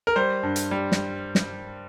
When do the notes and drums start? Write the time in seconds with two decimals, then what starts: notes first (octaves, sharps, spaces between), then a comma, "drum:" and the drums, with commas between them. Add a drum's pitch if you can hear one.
0.07 A#4
0.16 G3 C5
0.43 G2
0.56 drum: hi-hat
0.71 G3
0.92 drum: snare
1.35 drum: snare